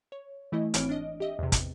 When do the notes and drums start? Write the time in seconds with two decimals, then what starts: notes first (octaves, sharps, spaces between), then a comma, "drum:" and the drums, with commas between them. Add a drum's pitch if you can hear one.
0.12 C#5
0.52 E3 A3 E4 D#5
0.74 G#1 E3 C4 C#5 F6 D7, drum: hi-hat
0.89 D4 D#5
1.20 G4 D#5 E5
1.39 E2 C3
1.52 drum: kick, hi-hat